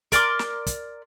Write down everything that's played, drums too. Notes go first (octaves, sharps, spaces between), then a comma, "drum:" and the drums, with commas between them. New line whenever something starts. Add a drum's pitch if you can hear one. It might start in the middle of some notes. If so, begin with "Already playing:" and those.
A#4 D5 C6 D6, drum: kick, hi-hat
drum: snare
drum: kick, hi-hat